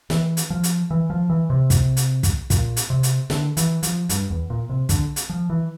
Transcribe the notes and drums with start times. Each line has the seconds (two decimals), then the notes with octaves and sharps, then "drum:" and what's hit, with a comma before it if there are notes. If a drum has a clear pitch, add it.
0.10 E3, drum: snare
0.37 drum: hi-hat
0.50 F3
0.64 drum: hi-hat
0.91 E3
1.10 F3
1.30 E3
1.50 C3
1.70 drum: kick, hi-hat
1.97 drum: hi-hat
2.23 drum: kick, hi-hat
2.50 A#2, drum: kick, hi-hat
2.77 drum: hi-hat
2.90 C3
3.03 drum: hi-hat
3.30 D3, drum: snare
3.57 E3, drum: hi-hat
3.83 F3, drum: hi-hat
4.09 G2, drum: hi-hat
4.30 E2
4.50 A#2
4.70 C3
4.89 D3, drum: kick, hi-hat
5.16 drum: hi-hat
5.29 F3
5.50 E3